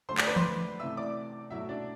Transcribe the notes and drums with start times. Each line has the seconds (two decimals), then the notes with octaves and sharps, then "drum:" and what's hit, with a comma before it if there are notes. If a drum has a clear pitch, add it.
0.09 D3 F#3 A3 C5 C6
0.18 D5 D6, drum: clap
0.27 B4 B5
0.36 C5 C6, drum: tom E3
0.80 C3 E3 A3 E5 E6
0.97 D5 D6
1.50 B2 F#3 A3 E4 E5
1.69 D4 D5